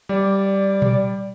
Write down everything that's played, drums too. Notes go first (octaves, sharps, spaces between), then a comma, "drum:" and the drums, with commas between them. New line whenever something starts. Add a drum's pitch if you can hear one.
G3 D5
drum: tom A#2